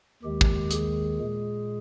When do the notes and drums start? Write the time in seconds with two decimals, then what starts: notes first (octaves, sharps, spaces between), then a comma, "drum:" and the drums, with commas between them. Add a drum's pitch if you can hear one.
0.23 D#2 D#3 G#3 G4
0.41 drum: kick
0.71 G#4, drum: hi-hat
1.20 A#2 G#3